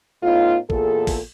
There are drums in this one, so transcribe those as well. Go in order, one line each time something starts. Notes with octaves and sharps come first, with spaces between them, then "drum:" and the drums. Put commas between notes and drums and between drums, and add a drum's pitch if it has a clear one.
A2 B3 D#4 F4
E2 A#2 G#4 A4, drum: kick
drum: kick, open hi-hat